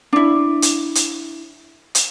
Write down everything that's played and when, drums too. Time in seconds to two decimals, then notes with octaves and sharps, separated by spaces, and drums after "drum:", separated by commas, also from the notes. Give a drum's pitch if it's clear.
0.13 D4 E4
0.62 drum: hi-hat
0.95 drum: hi-hat
1.95 drum: hi-hat